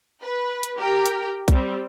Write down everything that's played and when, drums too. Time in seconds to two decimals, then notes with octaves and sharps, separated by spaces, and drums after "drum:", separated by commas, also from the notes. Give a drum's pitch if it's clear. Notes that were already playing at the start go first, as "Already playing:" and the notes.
0.22 B4
0.63 drum: hi-hat
0.77 G4 A#4 G5
1.06 drum: hi-hat
1.48 G3 C4, drum: kick B1, hi-hat